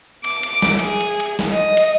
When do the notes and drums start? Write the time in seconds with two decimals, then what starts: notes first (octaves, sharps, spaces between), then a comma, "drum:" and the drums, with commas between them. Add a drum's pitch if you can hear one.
0.24 D6, drum: cymbal
0.43 drum: cymbal
0.62 drum: snare
0.79 G#4, drum: cymbal
1.01 drum: cymbal
1.20 drum: cymbal
1.39 drum: snare
1.52 D#5
1.77 drum: cymbal